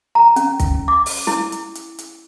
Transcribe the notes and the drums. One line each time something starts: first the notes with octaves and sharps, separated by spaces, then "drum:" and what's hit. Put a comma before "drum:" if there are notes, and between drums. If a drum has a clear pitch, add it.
A#5
C#4, drum: hi-hat
drum: kick, hi-hat
D6
drum: open hi-hat
E4, drum: snare
drum: hi-hat
drum: hi-hat
drum: hi-hat